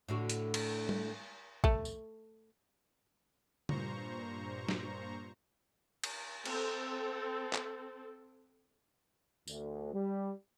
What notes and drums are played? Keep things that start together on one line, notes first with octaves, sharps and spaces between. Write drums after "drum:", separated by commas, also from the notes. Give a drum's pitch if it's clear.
A2 D3 F#4
drum: hi-hat
drum: cymbal
drum: tom
A3, drum: kick
drum: tambourine
G2 A#2 C5 A#5 C#6, drum: tom C#3
drum: snare
drum: cymbal
C4 A4, drum: cymbal
drum: clap
D2, drum: tambourine
G3